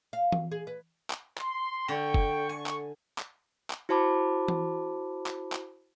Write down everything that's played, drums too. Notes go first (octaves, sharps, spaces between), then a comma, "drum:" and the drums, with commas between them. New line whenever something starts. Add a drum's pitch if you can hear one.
F5
drum: tom E3
G#4
B4
drum: clap
C6, drum: clap
D3 G5 C#6
drum: kick F#1
G#5 C#6
drum: clap
drum: clap
drum: clap
E4 F#4 C5 A5 B5 D6
drum: tom E3
drum: clap
drum: clap